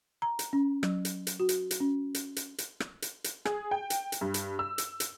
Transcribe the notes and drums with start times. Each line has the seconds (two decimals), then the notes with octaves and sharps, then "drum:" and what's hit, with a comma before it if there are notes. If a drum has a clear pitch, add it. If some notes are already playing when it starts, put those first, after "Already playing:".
0.22 A#5
0.39 drum: hi-hat
0.53 C#4
0.83 F#3, drum: rim click
1.05 drum: hi-hat
1.27 drum: hi-hat
1.40 F#4
1.49 drum: hi-hat
1.71 drum: hi-hat
1.80 C#4
2.15 drum: hi-hat
2.36 drum: hi-hat
2.58 drum: hi-hat
2.80 drum: rim click
3.02 drum: hi-hat
3.24 drum: hi-hat
3.45 G#4, drum: rim click
3.71 G5
3.90 drum: hi-hat
4.12 drum: hi-hat
4.21 G2
4.34 drum: hi-hat
4.59 E6
4.78 drum: hi-hat
5.00 drum: hi-hat